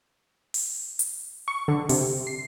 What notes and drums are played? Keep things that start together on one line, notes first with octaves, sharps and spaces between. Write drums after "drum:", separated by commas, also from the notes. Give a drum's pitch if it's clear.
drum: open hi-hat
drum: hi-hat
C#6
D3
C3, drum: open hi-hat
C7